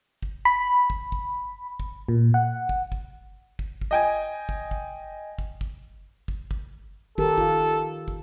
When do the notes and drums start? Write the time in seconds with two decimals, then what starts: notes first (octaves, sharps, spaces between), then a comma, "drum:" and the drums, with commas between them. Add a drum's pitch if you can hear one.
0.23 drum: kick
0.45 B5
0.90 drum: kick
1.12 drum: kick
1.80 drum: kick
2.08 A#2
2.34 F#5
2.69 drum: kick
2.92 drum: kick
3.59 drum: kick
3.81 drum: kick
3.91 D#5 G5 G#5
4.49 drum: kick
4.71 drum: kick
5.39 drum: kick
5.61 drum: kick
6.28 drum: kick
6.51 drum: kick
7.18 D#3 G4 A4 A#4, drum: kick
7.38 F4 F5, drum: kick
8.08 drum: kick